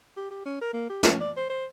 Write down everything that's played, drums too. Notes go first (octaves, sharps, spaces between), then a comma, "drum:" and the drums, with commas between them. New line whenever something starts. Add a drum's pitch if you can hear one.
G4
G4
C#4
A#4
A#3
G4
C#4, drum: snare
D5
C5
C5